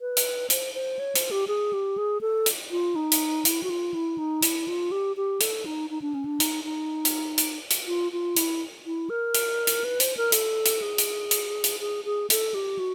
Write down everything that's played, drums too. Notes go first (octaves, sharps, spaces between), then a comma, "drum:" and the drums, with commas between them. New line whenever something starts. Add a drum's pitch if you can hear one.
B4
drum: hi-hat
C5, drum: hi-hat
C5
C#5
C5, drum: hi-hat
G4
G#4
G4
G#4
A4
drum: hi-hat
F4
D#4
drum: hi-hat
E4, drum: hi-hat
F#4
F4
E4
D#4
E4, drum: hi-hat
F4
G4
G4
A4, drum: hi-hat
D#4
D#4
D4
C#4
D4
D#4, drum: hi-hat
D#4
drum: hi-hat
drum: hi-hat
drum: hi-hat
F4
F4
E4, drum: hi-hat
E4
A#4
drum: hi-hat
drum: hi-hat
B4
C5, drum: hi-hat
A#4
A4, drum: hi-hat
drum: hi-hat
G#4
drum: hi-hat
drum: hi-hat
drum: hi-hat
G#4
G#4
A4, drum: hi-hat
G4
F#4